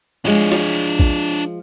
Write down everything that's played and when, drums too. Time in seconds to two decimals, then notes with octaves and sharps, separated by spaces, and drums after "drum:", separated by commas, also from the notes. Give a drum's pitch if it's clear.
0.25 F3 G#3 D4 C#5
0.52 drum: snare
1.00 drum: kick A1
1.40 drum: hi-hat